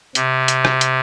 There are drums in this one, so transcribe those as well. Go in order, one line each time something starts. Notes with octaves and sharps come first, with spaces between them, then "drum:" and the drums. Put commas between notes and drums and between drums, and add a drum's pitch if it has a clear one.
C3, drum: hi-hat
drum: hi-hat
drum: rim click
drum: hi-hat